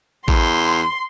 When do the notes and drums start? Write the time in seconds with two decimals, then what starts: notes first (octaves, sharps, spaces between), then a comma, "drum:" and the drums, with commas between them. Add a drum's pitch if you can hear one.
0.28 E2 C6, drum: kick A1